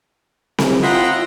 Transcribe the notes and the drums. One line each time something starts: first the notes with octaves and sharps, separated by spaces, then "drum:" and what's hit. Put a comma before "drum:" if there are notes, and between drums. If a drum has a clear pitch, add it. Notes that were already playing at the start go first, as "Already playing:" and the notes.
drum: snare C4
E4 F4 D#5 E5 F#5 G5 A#5 C6